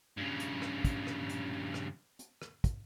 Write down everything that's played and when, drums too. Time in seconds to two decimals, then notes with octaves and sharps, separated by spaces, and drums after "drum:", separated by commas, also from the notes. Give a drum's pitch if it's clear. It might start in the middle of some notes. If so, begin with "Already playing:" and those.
0.17 G2 C#3
0.40 drum: hi-hat
0.62 drum: rim click
0.84 drum: kick, hi-hat
1.07 drum: rim click
1.29 drum: hi-hat
1.74 drum: rim click
2.19 drum: hi-hat
2.42 drum: rim click
2.64 drum: kick, hi-hat